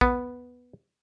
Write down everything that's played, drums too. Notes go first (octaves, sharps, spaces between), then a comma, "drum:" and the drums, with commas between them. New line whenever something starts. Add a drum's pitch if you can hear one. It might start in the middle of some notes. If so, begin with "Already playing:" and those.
B3, drum: kick